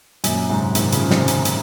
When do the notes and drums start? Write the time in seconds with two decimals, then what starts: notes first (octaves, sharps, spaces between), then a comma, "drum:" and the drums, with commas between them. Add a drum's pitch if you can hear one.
0.24 F#2 A#2, drum: hi-hat
0.49 G#2 C3
0.75 C3 D#3, drum: hi-hat
0.92 C#3 F3, drum: hi-hat
1.10 C3, drum: snare
1.28 drum: hi-hat
1.45 drum: hi-hat